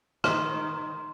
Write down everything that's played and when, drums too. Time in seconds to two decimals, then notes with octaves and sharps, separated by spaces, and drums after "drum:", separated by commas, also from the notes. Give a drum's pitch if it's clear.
0.24 D#3 C6, drum: rim click